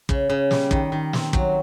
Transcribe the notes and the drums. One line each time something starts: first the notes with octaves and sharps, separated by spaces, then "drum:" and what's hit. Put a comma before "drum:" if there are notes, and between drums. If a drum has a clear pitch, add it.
C#3, drum: kick
C#3
G3, drum: snare
D#3, drum: kick
D#3
C4, drum: snare
F#3, drum: kick